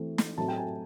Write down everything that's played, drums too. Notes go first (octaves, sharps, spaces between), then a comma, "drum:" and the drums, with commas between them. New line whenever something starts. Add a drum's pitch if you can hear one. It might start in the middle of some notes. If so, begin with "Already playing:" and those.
Already playing: E3 A3 C4
drum: snare
A2 F#3 A3 C4 A5
G5
G#5